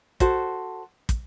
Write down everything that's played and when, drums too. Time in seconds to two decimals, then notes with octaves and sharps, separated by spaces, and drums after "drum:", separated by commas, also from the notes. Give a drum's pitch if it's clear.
0.20 F#4 A4 C5, drum: kick, hi-hat
1.09 drum: kick, hi-hat